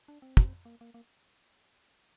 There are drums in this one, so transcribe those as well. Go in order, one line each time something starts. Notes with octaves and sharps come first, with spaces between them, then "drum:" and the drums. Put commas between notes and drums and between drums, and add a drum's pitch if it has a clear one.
D4
C4
drum: kick
A#3
A#3
A#3